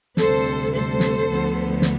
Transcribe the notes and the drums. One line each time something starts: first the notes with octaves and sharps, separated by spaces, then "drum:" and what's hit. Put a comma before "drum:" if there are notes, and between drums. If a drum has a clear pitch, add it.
D2 C3 G3 A4 C5, drum: snare
A4 C5
drum: snare
D2 D3 F3 B3
drum: snare